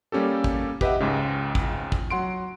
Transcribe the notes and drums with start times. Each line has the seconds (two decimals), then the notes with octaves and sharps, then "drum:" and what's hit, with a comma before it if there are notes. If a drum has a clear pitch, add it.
0.12 G3 A#3 C#4 G4 A4
0.44 drum: kick
0.81 G4 B4 D#5 E5 F#5, drum: kick
1.00 C#2 G#2 C#3
1.55 drum: kick
1.92 drum: kick
2.10 F#3 F#5 C6 D7